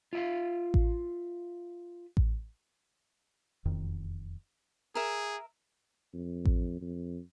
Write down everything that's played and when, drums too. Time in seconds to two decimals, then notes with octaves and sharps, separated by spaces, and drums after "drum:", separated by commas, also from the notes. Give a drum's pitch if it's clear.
0.13 F4 E5 F5
0.74 drum: kick A1
2.17 drum: kick A1
3.65 E1 F2 D#3
4.95 G#4 A#4 E5
6.13 F2
6.45 drum: kick A1
6.81 F2